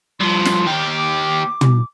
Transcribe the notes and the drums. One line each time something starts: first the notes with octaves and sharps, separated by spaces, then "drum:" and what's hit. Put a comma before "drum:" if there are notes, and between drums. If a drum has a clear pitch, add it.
G2 F3 C6
drum: snare
D#2 G4
D6
drum: tom